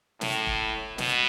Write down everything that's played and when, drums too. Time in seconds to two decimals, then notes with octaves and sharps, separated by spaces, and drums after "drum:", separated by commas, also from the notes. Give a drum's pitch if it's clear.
0.21 A2, drum: snare
0.47 drum: kick
0.98 B2, drum: snare